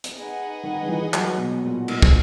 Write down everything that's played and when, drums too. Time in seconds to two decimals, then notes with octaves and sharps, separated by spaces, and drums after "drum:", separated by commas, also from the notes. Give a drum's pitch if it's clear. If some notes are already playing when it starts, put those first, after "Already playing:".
0.04 drum: hi-hat
0.14 D#4 G#4 B4 D#5 F#5
0.63 D#3
0.83 D#3
0.89 E3
1.14 F#3, drum: clap
1.38 B2
1.64 A#2
1.88 A#2, drum: cymbal
2.02 drum: kick